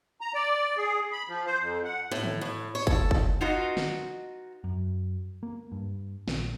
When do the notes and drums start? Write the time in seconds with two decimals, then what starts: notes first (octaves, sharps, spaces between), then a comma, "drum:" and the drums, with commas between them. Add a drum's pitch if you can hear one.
0.21 A#5
0.34 D5
0.77 G#4
1.12 B5
1.28 F3
1.46 C5
1.60 F2
1.84 F#5
2.11 A2
2.23 drum: tom
2.41 A2
2.75 C#5
2.87 A4, drum: kick
3.11 drum: kick
3.41 D#4 F4 F#4 B4 D#5
3.77 drum: snare
4.64 F#2
5.43 A#3
5.72 G2
6.28 A#1, drum: snare